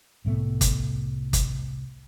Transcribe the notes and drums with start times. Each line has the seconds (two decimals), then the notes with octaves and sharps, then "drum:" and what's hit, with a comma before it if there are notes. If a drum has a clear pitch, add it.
0.25 C2 A2 A3 B3
0.61 drum: kick, hi-hat
1.33 drum: kick, hi-hat